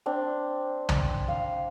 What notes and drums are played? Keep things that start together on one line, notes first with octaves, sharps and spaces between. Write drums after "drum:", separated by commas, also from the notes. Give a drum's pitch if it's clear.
C4 D4 G5
drum: tom
F5